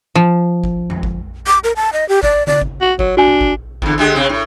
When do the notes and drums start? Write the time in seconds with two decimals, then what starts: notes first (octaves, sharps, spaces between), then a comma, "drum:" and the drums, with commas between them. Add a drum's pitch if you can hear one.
0.15 F3
0.64 drum: kick G1
0.90 drum: tom
1.03 drum: kick G1
1.47 D6
1.64 A#4
1.76 A5
1.93 D#5
2.09 G4
2.23 D5, drum: kick G1
2.47 D5, drum: tom C#3
2.62 drum: kick G1
2.81 F#4
2.99 F#3, drum: kick G1
3.17 D4 F#4 G#5
3.28 drum: tom B2
3.41 drum: kick G1
3.82 E2 D3, drum: kick G1
3.98 D3 G#3 G4
4.15 C3 C4
4.29 A2